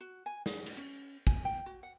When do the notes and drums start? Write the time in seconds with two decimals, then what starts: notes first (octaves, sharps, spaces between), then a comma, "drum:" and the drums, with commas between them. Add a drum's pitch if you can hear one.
0.01 F#4
0.26 G#5
0.46 G#4, drum: snare
0.66 drum: cymbal
0.77 C#4
1.27 G#5, drum: kick
1.45 G5
1.66 F#4
1.83 F#5